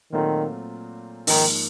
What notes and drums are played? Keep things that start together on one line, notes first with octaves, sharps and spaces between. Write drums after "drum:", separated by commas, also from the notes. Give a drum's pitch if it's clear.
A#2 D#3 F#3 A3 C4 F4
G#2 D#3 F3 A#3, drum: open hi-hat